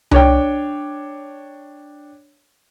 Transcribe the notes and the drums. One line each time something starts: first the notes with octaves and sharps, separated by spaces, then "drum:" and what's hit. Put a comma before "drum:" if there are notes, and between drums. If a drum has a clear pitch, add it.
D4 C#5 G5, drum: tom C2